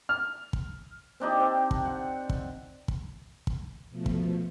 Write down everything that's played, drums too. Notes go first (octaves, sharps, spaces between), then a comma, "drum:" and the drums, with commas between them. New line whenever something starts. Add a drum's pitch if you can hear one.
F6
drum: kick
C4 D4 D#4 G4
C4
drum: kick
F#5
drum: kick
drum: kick
drum: kick
B2 F3 A3
drum: kick